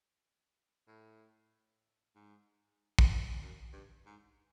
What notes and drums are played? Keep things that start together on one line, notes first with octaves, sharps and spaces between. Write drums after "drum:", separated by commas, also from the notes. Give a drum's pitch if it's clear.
A2
G#2
drum: kick
F#2
G2
G#2